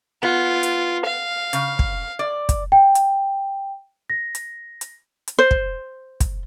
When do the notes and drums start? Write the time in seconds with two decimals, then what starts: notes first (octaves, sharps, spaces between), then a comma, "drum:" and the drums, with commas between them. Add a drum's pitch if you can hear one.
0.23 B3 F4
0.63 drum: hi-hat
1.05 F5
1.53 C#3, drum: hi-hat
1.79 drum: kick
2.19 D5
2.49 drum: kick, hi-hat
2.72 G5
2.95 drum: hi-hat
4.10 A#6
4.35 drum: hi-hat
4.81 drum: hi-hat
5.28 drum: hi-hat
5.39 C5
5.51 drum: kick
6.20 drum: kick, hi-hat